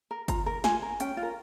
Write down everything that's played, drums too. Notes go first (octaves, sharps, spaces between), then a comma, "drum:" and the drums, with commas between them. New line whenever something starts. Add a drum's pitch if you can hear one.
A#4
F4 A#5, drum: kick G1, hi-hat
A#4
F4 G#5, drum: snare
A#4
C#4 G5, drum: hi-hat
F4
A#4